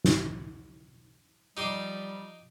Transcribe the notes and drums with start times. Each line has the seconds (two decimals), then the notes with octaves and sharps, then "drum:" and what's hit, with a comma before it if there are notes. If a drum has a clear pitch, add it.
0.04 drum: snare
1.57 F3 G3 D#4 G4 C6